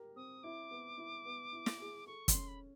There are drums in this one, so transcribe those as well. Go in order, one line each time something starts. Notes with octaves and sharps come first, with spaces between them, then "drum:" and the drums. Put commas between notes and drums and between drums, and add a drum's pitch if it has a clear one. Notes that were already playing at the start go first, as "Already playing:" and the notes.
Already playing: G4 A#4
C4 D#6
E4 D6
B3
E4
B3
E4
drum: snare
G#4
A4 C#6
C6, drum: kick, hi-hat
C#4
B5